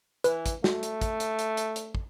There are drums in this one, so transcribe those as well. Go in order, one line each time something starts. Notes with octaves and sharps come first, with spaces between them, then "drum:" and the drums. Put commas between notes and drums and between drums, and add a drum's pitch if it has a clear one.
E3 B4, drum: hi-hat
drum: kick, hi-hat
A3 F#4, drum: snare
drum: hi-hat
drum: kick, hi-hat
drum: hi-hat
drum: hi-hat
drum: hi-hat
drum: hi-hat
drum: kick